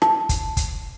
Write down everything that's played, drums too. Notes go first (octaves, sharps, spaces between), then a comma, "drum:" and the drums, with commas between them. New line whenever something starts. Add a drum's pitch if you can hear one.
A5, drum: rim click
drum: kick, hi-hat
drum: kick, hi-hat